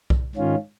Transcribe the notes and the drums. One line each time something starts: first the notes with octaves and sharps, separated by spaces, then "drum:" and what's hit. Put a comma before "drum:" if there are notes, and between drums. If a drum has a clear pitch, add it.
drum: kick B1
G#2 D#3 C#4 F4